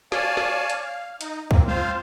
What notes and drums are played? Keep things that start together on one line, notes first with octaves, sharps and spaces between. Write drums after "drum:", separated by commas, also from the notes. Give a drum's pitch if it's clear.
C#5 D5 F5 G#5 A5, drum: snare
drum: snare
drum: hi-hat
F5
D#4, drum: hi-hat
A#3 C4, drum: kick
F3 C4 F4 C5 F5, drum: tom